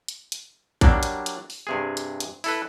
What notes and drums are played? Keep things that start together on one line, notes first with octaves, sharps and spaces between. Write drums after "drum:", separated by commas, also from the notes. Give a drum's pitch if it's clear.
drum: hi-hat
drum: hi-hat
F#3 G3 A#3 D4, drum: kick A1, hi-hat
drum: hi-hat
drum: hi-hat
drum: open hi-hat
G2 C3 G#4
drum: hi-hat
drum: hi-hat
E4 A4 B4, drum: open hi-hat